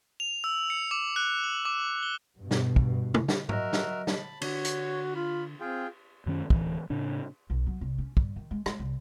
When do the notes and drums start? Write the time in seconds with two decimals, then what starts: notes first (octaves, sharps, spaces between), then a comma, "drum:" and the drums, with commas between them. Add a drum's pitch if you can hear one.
0.20 F7
0.44 E6
0.70 C#7
0.91 D6
1.16 F#6
1.44 F#7
1.65 D6
2.03 G7
2.39 G2 B2
2.51 drum: snare
2.76 drum: kick
3.14 drum: tom
3.28 drum: snare
3.49 F#3 F#4 A#4 D#5 E5, drum: tom G#2
3.73 drum: snare
4.07 A5 B5, drum: snare
4.41 D3 D4 F#4 C#5, drum: cymbal
4.65 drum: hi-hat
5.15 F4 B5
5.60 C4 F4 G#4 G5
6.26 F#2 D#3 C#4
6.50 D1 E3, drum: kick
6.90 A2 C#3 D4
7.50 B1
7.67 F#3
7.81 C2
7.98 C#4
8.17 G2, drum: kick
8.36 D#3
8.51 G#3
8.66 G#3, drum: rim click
8.80 C2